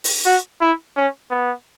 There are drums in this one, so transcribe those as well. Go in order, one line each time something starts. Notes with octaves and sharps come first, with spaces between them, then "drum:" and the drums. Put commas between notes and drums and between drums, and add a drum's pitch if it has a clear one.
drum: open hi-hat
F#4
E4
C#4
B3